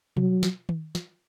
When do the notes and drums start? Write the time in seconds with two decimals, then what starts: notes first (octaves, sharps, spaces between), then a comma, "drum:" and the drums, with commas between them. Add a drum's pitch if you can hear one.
0.17 F#3, drum: tom B2
0.43 drum: snare
0.69 drum: tom D#3
0.95 drum: snare